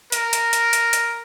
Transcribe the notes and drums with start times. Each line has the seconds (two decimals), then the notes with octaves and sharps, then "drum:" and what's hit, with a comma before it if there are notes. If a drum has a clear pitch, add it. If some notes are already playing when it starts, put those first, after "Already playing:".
0.12 A#4, drum: hi-hat
0.33 drum: hi-hat
0.53 drum: hi-hat
0.73 drum: hi-hat
0.93 drum: hi-hat